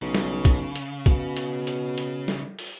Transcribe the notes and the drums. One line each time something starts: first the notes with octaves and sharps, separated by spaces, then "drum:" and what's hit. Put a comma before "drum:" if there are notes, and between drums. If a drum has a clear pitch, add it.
B1 C#3
drum: snare
drum: kick, hi-hat
drum: hi-hat
B2, drum: kick, hi-hat
drum: hi-hat
drum: hi-hat
drum: hi-hat
drum: snare
drum: open hi-hat